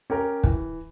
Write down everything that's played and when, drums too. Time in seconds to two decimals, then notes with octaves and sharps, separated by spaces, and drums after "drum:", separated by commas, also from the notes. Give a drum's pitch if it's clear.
0.10 C#4 G4 A#4
0.44 E3, drum: kick